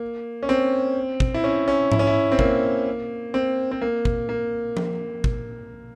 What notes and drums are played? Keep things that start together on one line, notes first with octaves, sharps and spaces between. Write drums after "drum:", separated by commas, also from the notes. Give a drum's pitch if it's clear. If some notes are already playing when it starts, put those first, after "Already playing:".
Already playing: A#3
C#4
C4
drum: kick
E4
C#4
C#4
E4, drum: tom G#2
C#4
E4
C4
A#3, drum: kick
C4
C4
A#3
drum: kick
A#3
drum: tom F3
drum: kick